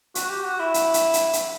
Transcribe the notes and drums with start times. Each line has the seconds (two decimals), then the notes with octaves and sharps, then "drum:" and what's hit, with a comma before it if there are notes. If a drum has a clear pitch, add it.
0.15 F#4, drum: hi-hat
0.30 G4
0.45 F#4
0.59 E4
0.74 drum: hi-hat
0.94 drum: hi-hat
1.14 drum: hi-hat
1.33 drum: hi-hat